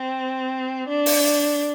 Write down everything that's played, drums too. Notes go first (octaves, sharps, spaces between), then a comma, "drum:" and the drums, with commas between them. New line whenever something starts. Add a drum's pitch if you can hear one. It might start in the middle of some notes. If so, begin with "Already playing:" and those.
Already playing: C4
D4
drum: open hi-hat